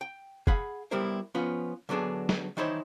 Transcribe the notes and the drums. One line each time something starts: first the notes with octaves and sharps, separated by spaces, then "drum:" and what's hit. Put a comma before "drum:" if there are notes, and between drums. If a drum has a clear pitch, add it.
G5
G#4 F5 F#5 B5, drum: kick F1
G3 B3 E4 G4 A#4 C5
F3 B3 C#4 F4
D3 F#3 B3 D4 G#4
drum: snare
D#3 E3 D#4 E4 C5 C#5